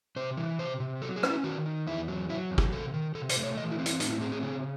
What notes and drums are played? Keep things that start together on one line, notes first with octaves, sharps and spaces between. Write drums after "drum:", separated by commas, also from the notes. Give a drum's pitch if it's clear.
C3 C5
E3
C3 C5
C3
F#3 A4
G#4
C#4, drum: rim click
E4
D#3 F#4
D#3
E2 E4
F#3
F#3 E4
E2
G#4, drum: kick
C3 A4
D#3
C3 A4
C5, drum: hi-hat
A3
C#5
E3 D#5
E4
C4
E4, drum: hi-hat
A2 D#4, drum: hi-hat
E4
C4 G#4
G#4
C#3 G#4